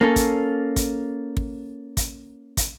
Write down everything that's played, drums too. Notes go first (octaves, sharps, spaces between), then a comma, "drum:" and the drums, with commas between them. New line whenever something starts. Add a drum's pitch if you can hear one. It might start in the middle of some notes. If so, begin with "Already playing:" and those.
A#3 C#4 A4
drum: kick, hi-hat
drum: kick, hi-hat
drum: kick
drum: kick, hi-hat
drum: kick, hi-hat